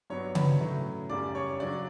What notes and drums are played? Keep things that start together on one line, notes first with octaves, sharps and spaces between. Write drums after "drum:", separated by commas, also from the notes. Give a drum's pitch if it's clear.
G2 F#3 B3 D4 C#5
B4 B5, drum: tom C#3
A2 F#3 A3 C#4
F#2 C#3 G3 D5 D6
C#5 C#6
C#3 F#3 C#4 D4 D5